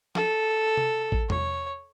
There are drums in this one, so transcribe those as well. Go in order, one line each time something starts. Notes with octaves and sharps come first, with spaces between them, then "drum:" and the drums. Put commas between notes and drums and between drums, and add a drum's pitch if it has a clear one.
A4, drum: snare
drum: tom C3
drum: kick A1
C#5, drum: tom E2